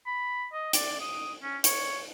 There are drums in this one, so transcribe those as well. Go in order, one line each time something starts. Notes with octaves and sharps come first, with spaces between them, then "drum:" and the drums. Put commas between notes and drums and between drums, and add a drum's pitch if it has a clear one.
B5
D#5
D5, drum: hi-hat
D#6
C#4
C#5, drum: hi-hat